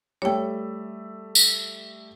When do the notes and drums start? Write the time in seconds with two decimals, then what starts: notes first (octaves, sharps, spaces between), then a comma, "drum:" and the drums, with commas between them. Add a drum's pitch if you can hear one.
0.22 G3 A3 C#5 G5
1.35 drum: tambourine